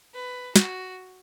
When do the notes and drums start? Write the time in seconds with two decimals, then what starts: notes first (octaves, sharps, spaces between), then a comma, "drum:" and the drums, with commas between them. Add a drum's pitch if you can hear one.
0.15 B4
0.56 F#4, drum: snare